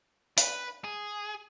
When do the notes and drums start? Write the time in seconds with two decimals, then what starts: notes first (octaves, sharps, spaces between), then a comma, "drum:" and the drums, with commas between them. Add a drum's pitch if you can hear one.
0.38 B4, drum: hi-hat
0.84 G#4